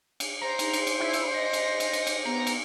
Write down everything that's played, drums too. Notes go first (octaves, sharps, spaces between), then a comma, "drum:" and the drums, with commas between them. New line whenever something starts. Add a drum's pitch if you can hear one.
drum: cymbal
C5 A#5
D#4, drum: cymbal
drum: cymbal
drum: cymbal
E4
drum: cymbal
D#5 A#6
drum: cymbal
drum: cymbal
drum: cymbal
drum: cymbal
B3 A#5
drum: cymbal